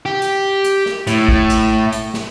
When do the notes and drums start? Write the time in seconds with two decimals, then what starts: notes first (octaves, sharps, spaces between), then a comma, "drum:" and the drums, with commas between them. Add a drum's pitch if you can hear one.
0.06 G4
0.22 drum: hi-hat
0.64 drum: hi-hat
0.86 drum: snare
1.07 A2, drum: hi-hat
1.28 drum: kick
1.50 drum: hi-hat
1.92 drum: hi-hat
2.14 drum: snare